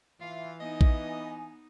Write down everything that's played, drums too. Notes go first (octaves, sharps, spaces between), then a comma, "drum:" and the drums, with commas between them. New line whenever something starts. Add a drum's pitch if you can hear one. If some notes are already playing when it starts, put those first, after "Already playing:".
E3 F4 E5 F5
B3 D#4 D#5 G#5
drum: kick A#1